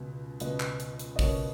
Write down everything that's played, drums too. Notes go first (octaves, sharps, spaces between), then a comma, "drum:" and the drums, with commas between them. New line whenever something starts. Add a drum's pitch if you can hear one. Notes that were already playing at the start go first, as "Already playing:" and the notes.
Already playing: C#2 B2
C#2 B2 B4 D#5, drum: hi-hat
drum: clap
drum: hi-hat
drum: hi-hat
D#5
C#2 B2 A#4 C#5, drum: kick, open hi-hat